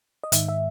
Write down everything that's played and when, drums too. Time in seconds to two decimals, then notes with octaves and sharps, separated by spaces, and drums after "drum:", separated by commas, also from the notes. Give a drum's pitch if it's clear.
0.24 D#5
0.32 G#2 D#3 E5, drum: hi-hat
0.48 E5